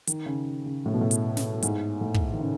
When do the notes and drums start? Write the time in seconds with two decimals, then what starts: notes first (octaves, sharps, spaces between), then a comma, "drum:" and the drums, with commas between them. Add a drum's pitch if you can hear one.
0.07 D#3, drum: hi-hat
0.26 C#3
0.66 C#3
0.86 A2
0.94 B2
1.01 A2
1.11 drum: hi-hat
1.37 drum: snare
1.62 G#2, drum: hi-hat
2.01 A2
2.14 drum: kick
2.33 D#3
2.40 C#3